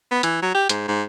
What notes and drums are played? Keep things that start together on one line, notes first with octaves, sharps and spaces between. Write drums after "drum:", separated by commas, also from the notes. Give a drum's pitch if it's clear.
B3
E3, drum: hi-hat
F#3
G4
G#2, drum: hi-hat
G#2